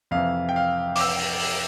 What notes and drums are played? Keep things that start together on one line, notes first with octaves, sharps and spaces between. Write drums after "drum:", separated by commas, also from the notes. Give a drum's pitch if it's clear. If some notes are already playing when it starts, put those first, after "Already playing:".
F2 C3 E3 F5
G5
F5
D6, drum: open hi-hat
E6
drum: open hi-hat
drum: open hi-hat